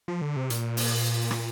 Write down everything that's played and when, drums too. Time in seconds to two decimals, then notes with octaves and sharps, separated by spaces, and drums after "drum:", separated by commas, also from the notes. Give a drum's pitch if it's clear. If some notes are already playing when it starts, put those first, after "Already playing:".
0.08 F3
0.22 D3
0.36 C3
0.50 A#2, drum: hi-hat
0.77 drum: open hi-hat
1.31 drum: rim click